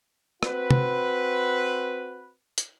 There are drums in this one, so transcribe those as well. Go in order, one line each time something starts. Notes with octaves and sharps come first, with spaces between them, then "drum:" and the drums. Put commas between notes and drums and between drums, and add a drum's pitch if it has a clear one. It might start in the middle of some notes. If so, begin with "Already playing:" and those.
C4 F#4 B4, drum: rim click
drum: tom
drum: hi-hat